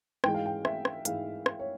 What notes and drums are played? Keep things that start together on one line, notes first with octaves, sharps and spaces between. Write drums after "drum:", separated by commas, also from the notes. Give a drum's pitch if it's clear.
G#2 E3 G#3 G5, drum: rim click
F5
G5
E5, drum: rim click
drum: rim click
G#2 E3 G#3 F5, drum: hi-hat
drum: rim click
C#5